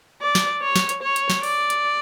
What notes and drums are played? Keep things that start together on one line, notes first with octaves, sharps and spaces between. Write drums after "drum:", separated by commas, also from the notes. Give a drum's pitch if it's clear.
D5
drum: snare
C#5
drum: snare
drum: hi-hat
C#5
drum: hi-hat
drum: snare
D5, drum: open hi-hat
drum: hi-hat